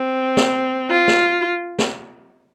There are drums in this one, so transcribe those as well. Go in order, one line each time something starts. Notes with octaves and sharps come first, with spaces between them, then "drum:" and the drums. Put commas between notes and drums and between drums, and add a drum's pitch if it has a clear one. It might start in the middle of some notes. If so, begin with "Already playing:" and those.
Already playing: C4
drum: snare
F4
drum: snare
drum: snare